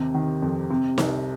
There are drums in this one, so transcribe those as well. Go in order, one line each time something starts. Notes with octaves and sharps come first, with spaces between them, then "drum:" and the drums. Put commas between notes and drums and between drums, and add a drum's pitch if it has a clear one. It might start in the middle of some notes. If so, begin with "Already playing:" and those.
Already playing: D#2 C3
D#3
F2
C3
C2, drum: snare